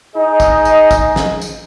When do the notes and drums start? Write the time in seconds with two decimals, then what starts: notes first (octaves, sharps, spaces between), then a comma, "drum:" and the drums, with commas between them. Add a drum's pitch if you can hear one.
0.14 D#4 G#4 D#5
0.40 drum: kick, tambourine
0.65 drum: tambourine
0.91 drum: kick, tambourine
1.16 drum: snare
1.42 drum: tambourine